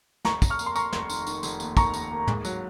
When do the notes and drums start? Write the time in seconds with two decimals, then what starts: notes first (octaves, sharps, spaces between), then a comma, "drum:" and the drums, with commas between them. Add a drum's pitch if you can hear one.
0.25 F1 A#5 C#6, drum: snare
0.42 F1, drum: kick, tambourine
0.50 C#6 F6
0.59 A#3, drum: tambourine
0.66 C6
0.76 F1 A#5 C#6, drum: tambourine
0.93 F1, drum: snare
1.10 D#3, drum: tambourine
1.27 D#3, drum: tambourine
1.43 F1, drum: tambourine
1.60 D#2, drum: tambourine
1.77 D#3 A#5 C#6, drum: kick, tambourine
1.94 D#2, drum: tambourine
2.11 A#3
2.28 G#2, drum: tom
2.45 F#3, drum: tambourine